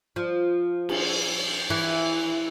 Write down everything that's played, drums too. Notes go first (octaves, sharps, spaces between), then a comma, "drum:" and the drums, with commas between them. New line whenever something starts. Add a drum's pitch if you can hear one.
F3
drum: cymbal
E3